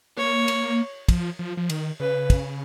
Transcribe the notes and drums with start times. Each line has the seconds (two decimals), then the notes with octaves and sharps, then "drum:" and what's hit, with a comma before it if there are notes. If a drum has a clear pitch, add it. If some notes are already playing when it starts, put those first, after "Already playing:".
0.17 A#3 C#5
0.48 drum: cymbal
1.09 F3, drum: kick, cymbal
1.39 F3
1.57 F3
1.70 D#3, drum: cymbal
2.00 C#3 B4
2.30 drum: kick, cymbal